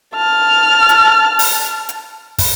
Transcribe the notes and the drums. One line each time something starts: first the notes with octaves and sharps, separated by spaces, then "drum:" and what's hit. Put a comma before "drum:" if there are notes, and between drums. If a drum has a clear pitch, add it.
A5 F6
drum: hi-hat
drum: open hi-hat
drum: hi-hat
drum: kick, open hi-hat